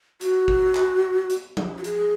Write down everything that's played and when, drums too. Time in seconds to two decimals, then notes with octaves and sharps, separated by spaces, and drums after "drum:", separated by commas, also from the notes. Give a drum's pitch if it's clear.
0.21 F#4, drum: hi-hat
0.48 drum: kick G#1
0.75 drum: clap
1.30 drum: hi-hat
1.57 drum: tom F3
1.78 F#4
1.84 G#4, drum: hi-hat